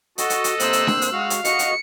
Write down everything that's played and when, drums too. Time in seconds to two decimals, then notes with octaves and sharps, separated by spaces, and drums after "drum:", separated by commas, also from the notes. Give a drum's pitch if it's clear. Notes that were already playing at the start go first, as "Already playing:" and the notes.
0.18 F#4 A4 D#5, drum: hi-hat
0.30 drum: hi-hat
0.44 drum: hi-hat
0.60 C3 A#3 C5 E6 F#6, drum: hi-hat
0.73 drum: hi-hat
0.87 drum: snare D4
1.02 drum: hi-hat
1.12 G#3 F#4 F5
1.30 drum: hi-hat
1.45 F#4 D#5 C#7, drum: hi-hat
1.59 drum: hi-hat